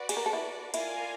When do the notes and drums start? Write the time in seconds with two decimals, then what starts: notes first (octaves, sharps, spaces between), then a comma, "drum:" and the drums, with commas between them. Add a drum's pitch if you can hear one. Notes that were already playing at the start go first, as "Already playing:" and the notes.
Already playing: F#4 B4 D5
0.09 G#4, drum: cymbal
0.17 A#4
0.26 A4
0.33 E4
0.74 E4 F4 A#4 D5 F5 G#5, drum: cymbal